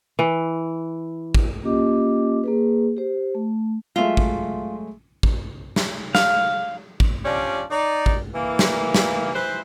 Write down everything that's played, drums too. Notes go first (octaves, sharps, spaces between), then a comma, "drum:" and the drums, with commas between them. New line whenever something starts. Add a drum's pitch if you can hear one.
E3
drum: kick
A#3 C#4 F4 G4 D#5 D6
A#3 G#4 B4
G4 C5
A3
F#3 G#3 A3 F4 E5 F5
drum: kick
drum: kick
drum: snare
F5, drum: snare
drum: kick
F3 C#4 D4 G4 D5
D#4 D5
drum: kick
E3 A#3
drum: snare
drum: snare
E3 B4 C5